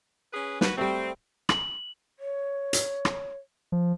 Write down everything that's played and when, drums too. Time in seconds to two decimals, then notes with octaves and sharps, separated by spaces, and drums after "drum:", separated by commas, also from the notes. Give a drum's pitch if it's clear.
0.33 C#4 G#4 B4
0.61 F#4 B4, drum: snare
0.78 G3 A3 C4
1.49 F#7, drum: rim click
2.19 C#5
2.73 drum: hi-hat
3.05 drum: rim click
3.72 F3